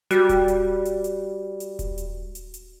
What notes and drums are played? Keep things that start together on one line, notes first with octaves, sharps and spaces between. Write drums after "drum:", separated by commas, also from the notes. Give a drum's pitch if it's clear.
G3 F#4, drum: hi-hat
drum: kick D#1, hi-hat
drum: hi-hat
drum: hi-hat
drum: hi-hat
drum: hi-hat
drum: kick D#1, hi-hat
drum: hi-hat
drum: hi-hat
drum: hi-hat